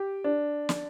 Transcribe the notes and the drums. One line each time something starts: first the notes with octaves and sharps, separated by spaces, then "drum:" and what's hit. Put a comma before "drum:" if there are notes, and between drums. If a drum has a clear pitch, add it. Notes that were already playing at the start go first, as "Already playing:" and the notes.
Already playing: G4
D4
drum: snare